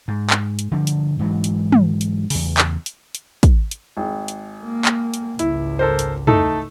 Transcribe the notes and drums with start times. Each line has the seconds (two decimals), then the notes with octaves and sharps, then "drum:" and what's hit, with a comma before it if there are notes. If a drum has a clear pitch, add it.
0.08 G#2
0.30 drum: clap
0.59 drum: hi-hat
0.72 D3 F3 G3
0.87 drum: hi-hat
1.19 G#2 E3 F#3
1.44 drum: hi-hat
1.72 drum: tom
2.01 drum: hi-hat
2.30 E2 C#3, drum: open hi-hat
2.58 drum: clap
2.86 drum: hi-hat
3.15 drum: hi-hat
3.43 drum: kick, hi-hat
3.71 drum: hi-hat
3.97 G#1
4.28 drum: hi-hat
4.64 A#3
4.85 drum: clap
5.14 drum: hi-hat
5.39 G#1 C#2 E4, drum: hi-hat
5.79 A4 A#4 C5
5.99 drum: hi-hat
6.27 A3 D#4 A4, drum: tom